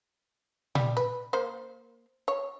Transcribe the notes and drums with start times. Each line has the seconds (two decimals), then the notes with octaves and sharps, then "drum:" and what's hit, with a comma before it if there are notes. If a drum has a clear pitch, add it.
0.75 G3, drum: tom A#2
0.97 B4
1.33 A#3 C5
2.28 C#5